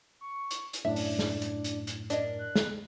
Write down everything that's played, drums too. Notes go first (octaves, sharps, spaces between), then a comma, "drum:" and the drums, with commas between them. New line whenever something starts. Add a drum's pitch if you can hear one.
C#6
drum: hi-hat
drum: hi-hat
F#2 A2 D4 E5
drum: open hi-hat
drum: snare
drum: hi-hat
drum: hi-hat
drum: hi-hat
D4 A#4 D#5, drum: hi-hat
F#6
drum: snare